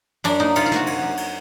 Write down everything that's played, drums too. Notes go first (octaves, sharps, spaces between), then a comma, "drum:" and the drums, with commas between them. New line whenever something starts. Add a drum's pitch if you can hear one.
F#2 D4, drum: cymbal
A#3 D#4
C3 F4, drum: cymbal
F4
C3 F#4, drum: snare
F#2, drum: cymbal
F#2
drum: cymbal